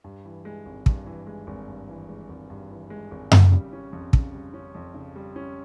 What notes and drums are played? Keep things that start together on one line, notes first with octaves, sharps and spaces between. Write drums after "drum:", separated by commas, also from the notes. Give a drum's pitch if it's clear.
G2
E3
G#3
G#1
G2, drum: kick
E3
G#3
G#1
G2
E3
G#3
G#1
G2
E3
G#3
G#1
C#3, drum: tom F#2
G3
C#4
F2
C#3, drum: kick
G3
C#4
F2
C#3
G3
C#4